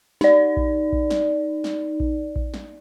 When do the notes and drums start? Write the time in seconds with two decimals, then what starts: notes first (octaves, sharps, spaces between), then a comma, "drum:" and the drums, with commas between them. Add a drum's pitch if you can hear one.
0.21 D#4 D5, drum: snare
0.57 drum: kick A#1
0.93 drum: kick A#1
1.10 drum: snare
1.64 drum: snare
2.00 drum: kick A#1
2.36 drum: kick A#1
2.54 drum: snare